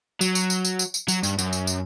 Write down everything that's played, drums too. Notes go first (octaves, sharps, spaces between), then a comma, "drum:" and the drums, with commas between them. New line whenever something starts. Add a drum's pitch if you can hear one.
F#3, drum: tambourine
drum: tambourine
drum: tambourine
drum: tambourine
drum: tambourine
drum: tambourine
F#3, drum: tambourine
G2, drum: tambourine
F#2, drum: tambourine
drum: tambourine
drum: tambourine